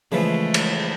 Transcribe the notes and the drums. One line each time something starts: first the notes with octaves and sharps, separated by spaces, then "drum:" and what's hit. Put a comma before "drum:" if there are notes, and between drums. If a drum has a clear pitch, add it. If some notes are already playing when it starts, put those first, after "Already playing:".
C#3 E3 F3 G#3 A3
drum: cymbal